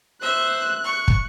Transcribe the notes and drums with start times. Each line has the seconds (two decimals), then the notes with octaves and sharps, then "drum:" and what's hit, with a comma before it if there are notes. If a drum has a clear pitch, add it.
0.21 C5 E5 F#6
0.84 C#6
1.08 drum: kick